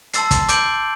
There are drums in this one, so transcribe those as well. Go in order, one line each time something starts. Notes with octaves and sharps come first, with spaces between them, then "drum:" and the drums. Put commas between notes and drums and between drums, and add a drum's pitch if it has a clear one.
A5 C6 E6 A6 C7, drum: hi-hat
drum: kick, hi-hat
D6 G6 D7 F#7, drum: hi-hat